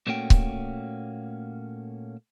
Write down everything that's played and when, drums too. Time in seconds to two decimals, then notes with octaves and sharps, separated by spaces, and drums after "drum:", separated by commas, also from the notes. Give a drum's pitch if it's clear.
0.07 A#2 A3 A#3 C#4 F#4 G5
0.30 drum: kick C#1